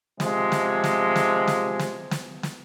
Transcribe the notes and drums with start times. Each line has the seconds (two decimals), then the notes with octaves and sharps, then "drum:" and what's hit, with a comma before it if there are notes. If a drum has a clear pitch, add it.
0.20 C3 F3 G#3, drum: snare
0.52 drum: snare
0.84 drum: snare
1.16 drum: snare
1.47 drum: snare
1.79 drum: snare
2.11 drum: snare
2.43 drum: snare